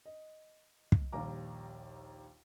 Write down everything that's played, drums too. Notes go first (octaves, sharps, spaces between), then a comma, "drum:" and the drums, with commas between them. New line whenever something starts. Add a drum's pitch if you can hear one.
D#5
drum: kick
A#1 D#2 G3 F5 A#5 D6